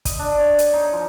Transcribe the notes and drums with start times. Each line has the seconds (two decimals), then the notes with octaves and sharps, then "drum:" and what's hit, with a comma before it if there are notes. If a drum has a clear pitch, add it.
0.05 D#5, drum: kick, hi-hat
0.19 D4
0.39 C#5
0.58 drum: hi-hat
0.73 D#4
0.93 F3